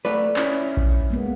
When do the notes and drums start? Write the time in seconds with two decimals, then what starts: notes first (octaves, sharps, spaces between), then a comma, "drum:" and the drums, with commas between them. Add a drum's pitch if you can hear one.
0.05 A3 B4 D5
0.36 C#4 E4, drum: clap
0.77 drum: kick A#1
1.10 G#3 A#3 B3